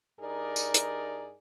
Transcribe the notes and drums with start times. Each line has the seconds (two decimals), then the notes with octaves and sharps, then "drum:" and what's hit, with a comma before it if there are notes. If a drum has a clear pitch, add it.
0.20 G2 D#4 G#4 A#4 D5
0.56 drum: tambourine
0.74 drum: hi-hat